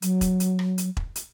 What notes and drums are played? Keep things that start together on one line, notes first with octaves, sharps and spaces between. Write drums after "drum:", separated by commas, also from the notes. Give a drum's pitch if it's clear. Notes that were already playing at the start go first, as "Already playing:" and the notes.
F#3, drum: hi-hat
drum: kick E1, hi-hat
drum: hi-hat
drum: rim click
drum: hi-hat
drum: kick E1
drum: hi-hat